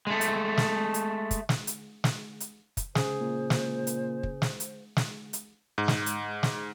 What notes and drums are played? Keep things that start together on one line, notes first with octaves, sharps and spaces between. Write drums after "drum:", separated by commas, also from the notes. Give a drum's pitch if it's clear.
G#3 A3
drum: hi-hat
drum: snare
drum: hi-hat
drum: kick, hi-hat
drum: snare
drum: hi-hat
drum: snare
drum: hi-hat
drum: kick, hi-hat
C#3 G#4 C5, drum: snare
A#2
drum: snare
drum: hi-hat
drum: kick
drum: snare
drum: hi-hat
drum: snare
drum: hi-hat
G#2
drum: snare
drum: hi-hat
drum: snare